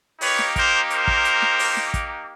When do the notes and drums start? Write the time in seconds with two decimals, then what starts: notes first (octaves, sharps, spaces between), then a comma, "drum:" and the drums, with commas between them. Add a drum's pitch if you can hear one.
0.21 A#3 D#4 G4 B4 C#5, drum: open hi-hat
0.39 drum: snare
0.56 A#4 C5, drum: kick, hi-hat
0.90 A#4 C5, drum: hi-hat
1.07 drum: kick
1.25 drum: hi-hat
1.42 drum: snare
1.59 drum: open hi-hat
1.76 drum: snare
1.94 drum: kick, hi-hat